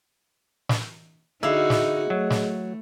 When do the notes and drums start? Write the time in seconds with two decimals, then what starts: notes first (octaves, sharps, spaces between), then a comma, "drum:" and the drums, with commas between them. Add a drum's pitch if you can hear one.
0.69 drum: snare
1.43 D3 D#4 E4 F#4 G#4 D#5 F5
1.70 drum: snare
2.10 F#3 A3
2.30 drum: snare